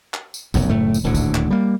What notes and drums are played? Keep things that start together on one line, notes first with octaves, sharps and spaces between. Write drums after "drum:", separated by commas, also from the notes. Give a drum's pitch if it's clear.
drum: clap
drum: tambourine
F1 B1 F#2, drum: kick, tambourine
F#1 A2 A3
drum: tambourine
D#1 D2 A2 D3
drum: kick, tambourine
drum: clap
G3 A#3